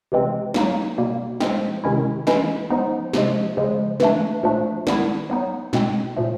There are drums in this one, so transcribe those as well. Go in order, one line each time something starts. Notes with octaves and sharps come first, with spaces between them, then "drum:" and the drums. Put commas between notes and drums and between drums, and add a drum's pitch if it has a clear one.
C3 E3 G#3 C4
F#3 A#3 D#4, drum: snare
B2 G3 A#3
F3 G#3 C4, drum: snare
C3 D#3 G#3 C#4 E4
E3 G#3 C#4 E4, drum: snare
F3 G#3 B3 D#4
C3 F3 G#3, drum: snare
C#3 F3 G#3
E3 A3 D4, drum: snare
A#2 F3 A3 D4
D#3 G3 B3 E4, drum: snare
F#3 B3 D#4
B2 G#3 C4, drum: snare
A#2 F3 A3